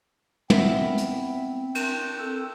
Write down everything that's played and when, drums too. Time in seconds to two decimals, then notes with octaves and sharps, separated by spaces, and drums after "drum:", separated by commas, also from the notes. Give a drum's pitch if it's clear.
0.50 B3 C4 E4 E5, drum: tom
0.98 drum: hi-hat
1.75 G6, drum: cymbal
2.19 C4 A4